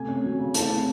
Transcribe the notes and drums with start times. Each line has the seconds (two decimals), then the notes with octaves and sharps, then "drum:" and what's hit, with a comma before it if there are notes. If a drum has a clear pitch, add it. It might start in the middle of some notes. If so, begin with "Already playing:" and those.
Already playing: C3 A3 G#5
0.08 C#4
0.24 F#3
0.39 C#3
0.54 A3 A5, drum: hi-hat
0.70 C4